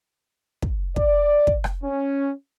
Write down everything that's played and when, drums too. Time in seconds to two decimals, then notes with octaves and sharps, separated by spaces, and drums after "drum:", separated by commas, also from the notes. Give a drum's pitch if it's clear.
0.62 drum: kick
0.96 D5, drum: kick
1.47 drum: kick
1.64 drum: rim click
1.83 C#4